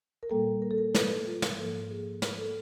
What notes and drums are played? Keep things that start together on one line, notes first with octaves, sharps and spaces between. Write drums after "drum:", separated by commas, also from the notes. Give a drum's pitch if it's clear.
A#4
A#2 G3 A#3 A4
A#4
A4
A#4
B4, drum: snare
A4
F4
A#4, drum: snare
G#2 F3 A#3 A4
G#4
A#4, drum: snare
A4